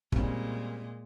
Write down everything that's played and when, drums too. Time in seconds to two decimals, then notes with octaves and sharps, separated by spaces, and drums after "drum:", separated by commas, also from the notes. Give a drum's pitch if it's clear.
0.12 A#2 G3 G#3 C4 C#4, drum: kick